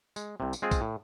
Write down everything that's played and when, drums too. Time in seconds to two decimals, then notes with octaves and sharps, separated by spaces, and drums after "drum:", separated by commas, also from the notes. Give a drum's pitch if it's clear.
0.16 G#3, drum: tambourine
0.40 C2 C3
0.53 drum: tambourine
0.62 G#3 C4 F4 G#4
0.71 drum: kick, tambourine
0.81 A2